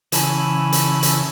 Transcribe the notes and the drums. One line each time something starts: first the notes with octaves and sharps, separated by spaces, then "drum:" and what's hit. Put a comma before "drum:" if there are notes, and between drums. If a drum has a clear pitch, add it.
C#3 E3 G#5 A5 B5, drum: hi-hat
drum: hi-hat
drum: hi-hat